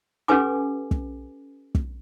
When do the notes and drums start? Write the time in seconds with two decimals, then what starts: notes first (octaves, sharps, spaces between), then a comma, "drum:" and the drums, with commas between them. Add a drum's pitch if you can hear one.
0.28 C#4 G4 A4 B4 G#5 D6
0.91 drum: kick
1.75 drum: kick